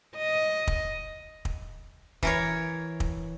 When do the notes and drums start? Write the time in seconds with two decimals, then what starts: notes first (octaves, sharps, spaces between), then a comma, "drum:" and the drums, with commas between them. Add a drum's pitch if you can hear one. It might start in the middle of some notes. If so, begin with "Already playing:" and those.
0.17 D#5
0.67 drum: kick
1.45 drum: kick
2.23 E3 A#4 C#5, drum: kick
3.00 drum: kick